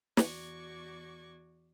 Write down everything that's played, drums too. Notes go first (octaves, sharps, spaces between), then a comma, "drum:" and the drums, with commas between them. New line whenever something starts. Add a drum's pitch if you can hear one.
E2 F#4 D5 C#6 G#6, drum: snare